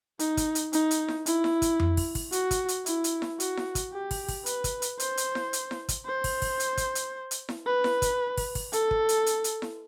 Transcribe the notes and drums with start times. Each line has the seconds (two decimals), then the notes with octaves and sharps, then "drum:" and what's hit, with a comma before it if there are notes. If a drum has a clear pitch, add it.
0.19 D#4, drum: hi-hat
0.37 drum: kick, hi-hat
0.55 drum: hi-hat
0.73 D#4, drum: hi-hat
0.91 drum: hi-hat
1.08 drum: snare E4
1.26 E4, drum: hi-hat
1.44 drum: snare E4
1.62 drum: kick, hi-hat
1.80 drum: tom F2
1.97 drum: kick, open hi-hat
2.15 drum: kick, open hi-hat
2.32 F#4, drum: hi-hat
2.51 drum: kick, hi-hat
2.68 drum: hi-hat
2.86 E4, drum: hi-hat
3.04 drum: hi-hat
3.22 drum: snare E4
3.40 F#4, drum: hi-hat
3.57 drum: snare E4
3.75 drum: kick, hi-hat
3.93 G4
4.11 drum: kick, open hi-hat
4.29 drum: kick, open hi-hat
4.46 B4, drum: hi-hat
4.64 drum: kick, hi-hat
4.82 drum: hi-hat
5.00 C5, drum: hi-hat
5.17 drum: hi-hat
5.35 drum: snare E4
5.53 drum: hi-hat
5.71 drum: snare E4
5.89 drum: kick, hi-hat
6.07 C5
6.24 drum: kick, open hi-hat
6.42 drum: kick, open hi-hat
6.60 drum: hi-hat
6.77 drum: kick, hi-hat
6.95 drum: hi-hat
7.31 drum: hi-hat
7.49 drum: snare E4
7.66 B4
7.84 drum: snare E4
8.02 drum: kick, hi-hat
8.38 drum: kick, open hi-hat
8.55 drum: kick, open hi-hat
8.73 A4, drum: hi-hat
8.91 drum: kick
9.09 drum: hi-hat
9.26 drum: hi-hat
9.44 drum: hi-hat
9.62 drum: snare E4